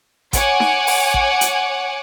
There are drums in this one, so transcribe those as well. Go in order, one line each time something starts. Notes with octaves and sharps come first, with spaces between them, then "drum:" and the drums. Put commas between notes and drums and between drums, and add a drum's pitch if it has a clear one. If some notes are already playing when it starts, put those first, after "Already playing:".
C#5 F#5 G#5 D6, drum: kick A1, hi-hat
drum: snare D#4
drum: open hi-hat
drum: kick A1
drum: hi-hat